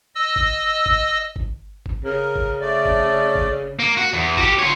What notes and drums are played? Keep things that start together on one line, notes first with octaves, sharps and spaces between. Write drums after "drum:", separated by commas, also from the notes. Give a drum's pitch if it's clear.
D#5 E6
drum: kick G1
drum: kick G1
drum: kick G1
drum: kick G1
C#3 A#4
drum: kick G1
A3 D5
drum: kick G1
drum: kick G1
A#3
F#4
E2
F#4 G4, drum: kick G1
F4 C#5